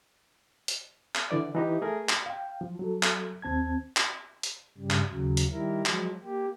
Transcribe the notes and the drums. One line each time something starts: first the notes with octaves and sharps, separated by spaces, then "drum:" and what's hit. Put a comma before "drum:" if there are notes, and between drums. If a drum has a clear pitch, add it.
drum: hi-hat
drum: clap
D3 E3 D5
E3 D#4 G4
A3 G#4 A#4
drum: clap
F5 G5
F3
F#3 A4
drum: clap
D#2 C4 A5 G#6
drum: clap
drum: hi-hat
G2 C#3 G3
drum: clap
D#2 C#3 F#3
drum: hi-hat
D#3 G3 E4 A#4
F3 F#3 G#3, drum: clap
A#3 G4